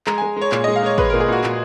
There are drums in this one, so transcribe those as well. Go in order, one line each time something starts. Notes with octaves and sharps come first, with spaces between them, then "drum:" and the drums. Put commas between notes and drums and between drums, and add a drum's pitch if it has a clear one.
G#3 A#5, drum: clap
G#5
G#3
G#3 C#5
A#2 C#5, drum: clap
D#5
G#3
F5
G#3 C#5
G#3 B4, drum: kick
A#4
A#2
G#4
A#2 F#4
A#2, drum: clap